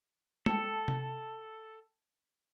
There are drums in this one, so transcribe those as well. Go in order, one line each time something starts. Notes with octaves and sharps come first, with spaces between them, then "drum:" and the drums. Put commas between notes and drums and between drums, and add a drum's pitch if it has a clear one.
A4 G5 A5 C#7, drum: tom
drum: tom C3